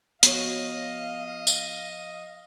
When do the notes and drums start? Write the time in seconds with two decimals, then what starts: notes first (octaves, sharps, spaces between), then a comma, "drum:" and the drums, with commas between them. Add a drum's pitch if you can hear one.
0.23 F3 B3 F#4 C#5 D#5 F5, drum: hi-hat
1.47 drum: tambourine